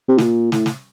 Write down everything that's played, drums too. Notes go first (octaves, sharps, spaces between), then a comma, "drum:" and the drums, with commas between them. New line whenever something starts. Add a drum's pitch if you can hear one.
C3
A2, drum: snare
A#2
A2, drum: snare
drum: snare